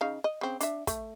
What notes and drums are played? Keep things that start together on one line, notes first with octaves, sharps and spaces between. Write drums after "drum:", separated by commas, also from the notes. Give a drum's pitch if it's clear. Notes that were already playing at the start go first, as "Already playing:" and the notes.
C#3 D#4 F5
D#5
C#3 C4
D4 E5, drum: hi-hat
A3, drum: kick, hi-hat